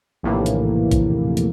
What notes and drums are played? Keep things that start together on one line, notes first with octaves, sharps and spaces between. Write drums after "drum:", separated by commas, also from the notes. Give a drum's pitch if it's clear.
A#1 D#2 A2 C3 E3 A#3
drum: hi-hat
drum: kick, hi-hat
drum: hi-hat